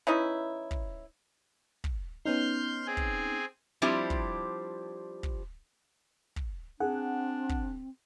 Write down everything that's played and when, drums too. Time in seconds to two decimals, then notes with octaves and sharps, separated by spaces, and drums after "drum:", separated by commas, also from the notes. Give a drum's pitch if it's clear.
0.07 E3 C#4 D#4 E4
0.71 drum: kick
1.84 drum: kick
2.25 B3 C#4 D#4 C6 F6 G6
2.87 C4 G#4 G#5
2.97 drum: kick
3.82 F3 G3 C4 D4 E4 G4
4.10 drum: kick
5.23 drum: kick
6.36 drum: kick
6.80 C4 D4 G#4 F#5
7.49 drum: kick